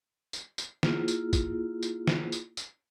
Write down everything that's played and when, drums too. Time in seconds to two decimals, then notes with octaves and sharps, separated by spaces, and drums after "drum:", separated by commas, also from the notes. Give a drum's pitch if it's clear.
0.33 drum: tambourine
0.58 drum: tambourine
0.83 A#3 E4 F4 G#4, drum: snare
1.08 drum: tambourine
1.33 drum: kick, tambourine
1.83 drum: tambourine
2.07 drum: snare
2.32 drum: tambourine
2.57 drum: tambourine